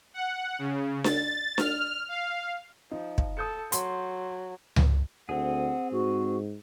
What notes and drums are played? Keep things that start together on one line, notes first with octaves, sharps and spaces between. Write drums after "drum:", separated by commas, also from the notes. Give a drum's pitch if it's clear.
F#5
C#3
A6, drum: snare D4
F6, drum: snare D4
F5
F3 D#4
drum: kick
A4 D#6 G6 C#7
F#3 C6, drum: hi-hat
drum: tom C#2
D2 C4 G#4 F#5
G#2 F#4